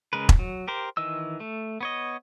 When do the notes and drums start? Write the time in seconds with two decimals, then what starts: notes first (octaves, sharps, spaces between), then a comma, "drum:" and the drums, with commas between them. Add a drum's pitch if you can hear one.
0.13 C#3 G#3 A#4 B4
0.29 drum: kick E1
0.39 F#3
0.68 G4 A#4 C5
0.97 D#3 E3 D#5 E6
1.40 A3
1.81 B3 C#5 D#5